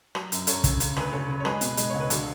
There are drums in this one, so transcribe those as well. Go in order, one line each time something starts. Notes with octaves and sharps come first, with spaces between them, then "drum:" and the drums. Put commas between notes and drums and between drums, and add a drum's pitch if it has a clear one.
F#3, drum: rim click
F#2, drum: hi-hat
F#2 A4 C#5, drum: hi-hat
C#3, drum: kick, hi-hat
C#3, drum: hi-hat
D2 B4, drum: rim click
C#3 A4 C#5
C#3
C#5
G#3 G#4 B4, drum: rim click
B2, drum: hi-hat
G#3, drum: hi-hat
C#2 C#5
B4
D3 F#4 A4, drum: hi-hat